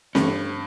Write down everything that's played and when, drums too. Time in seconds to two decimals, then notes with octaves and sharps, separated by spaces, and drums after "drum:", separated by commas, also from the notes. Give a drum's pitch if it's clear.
0.15 G2 E3 A3 C#4, drum: snare C4